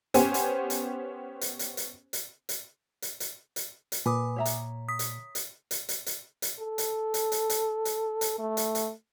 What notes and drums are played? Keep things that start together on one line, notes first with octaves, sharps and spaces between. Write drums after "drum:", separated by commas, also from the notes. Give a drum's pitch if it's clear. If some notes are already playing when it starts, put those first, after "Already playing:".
B3 C#4 G4 C5 G#5, drum: hi-hat
drum: hi-hat
drum: hi-hat
drum: hi-hat
drum: hi-hat
drum: hi-hat
drum: hi-hat
drum: hi-hat
drum: hi-hat
drum: hi-hat
drum: hi-hat
drum: hi-hat
A#2 B4 G#5 D6 D#6
C#5 E5 A#5
drum: hi-hat
D#6 B6
drum: hi-hat
drum: hi-hat
drum: hi-hat
drum: hi-hat
drum: hi-hat
drum: hi-hat
A4
drum: hi-hat
drum: hi-hat
drum: hi-hat
drum: hi-hat
drum: hi-hat
drum: hi-hat
A3
drum: hi-hat
drum: hi-hat